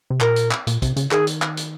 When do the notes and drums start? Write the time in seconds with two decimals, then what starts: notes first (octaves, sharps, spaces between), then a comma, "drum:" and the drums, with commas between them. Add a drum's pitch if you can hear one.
0.10 C3
0.21 A#2 A#4, drum: clap
0.36 drum: hi-hat
0.51 drum: clap
0.67 A#2, drum: hi-hat
0.82 C3, drum: kick, hi-hat
0.96 C#3, drum: hi-hat
1.11 D#3 G#4, drum: clap
1.27 drum: hi-hat
1.42 drum: clap
1.57 drum: hi-hat